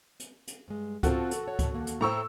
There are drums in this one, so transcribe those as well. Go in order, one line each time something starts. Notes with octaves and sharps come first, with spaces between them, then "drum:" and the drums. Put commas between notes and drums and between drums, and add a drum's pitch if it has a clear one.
drum: hi-hat
drum: hi-hat
G2 G#3
C4 F4 F#4 A4, drum: kick C#2, hi-hat
drum: hi-hat
C#5
drum: kick C#2, hi-hat
D#2 A#3
drum: hi-hat
A2 C5 G5 A#5 C#6 E6